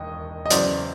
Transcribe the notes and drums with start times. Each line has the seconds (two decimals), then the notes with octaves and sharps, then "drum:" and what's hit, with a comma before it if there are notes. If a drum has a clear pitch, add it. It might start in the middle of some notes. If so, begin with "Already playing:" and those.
Already playing: E1 D#2 D#5
0.46 D#5
0.50 E2 C#3 F#3 C5 D5, drum: hi-hat